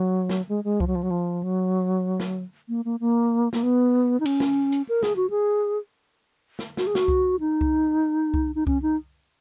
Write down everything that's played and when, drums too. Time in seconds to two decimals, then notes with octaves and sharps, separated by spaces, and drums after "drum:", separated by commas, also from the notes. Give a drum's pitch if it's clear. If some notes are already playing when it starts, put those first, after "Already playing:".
Already playing: F#3
0.29 drum: snare
0.49 G#3
0.64 G#3
0.80 F3, drum: kick C2
0.87 F#3
0.95 F3
1.03 F#3
1.11 F3
1.43 F#3
2.20 drum: snare
2.69 A#3
2.85 A#3
3.00 A#3
3.53 A#3, drum: snare
3.63 B3
4.20 D#4
4.26 C#4, drum: cymbal
4.40 drum: snare
4.72 drum: hi-hat
4.89 A#4
5.03 G#4, drum: snare
5.16 F#4
5.30 G#4
6.59 drum: snare
6.77 F#4, drum: snare
6.87 G#4
6.95 F#4, drum: snare
7.08 drum: kick C2
7.40 D#4
7.61 drum: kick C2
8.34 drum: kick C2
8.55 D#4
8.67 C#4, drum: kick C2
8.82 D#4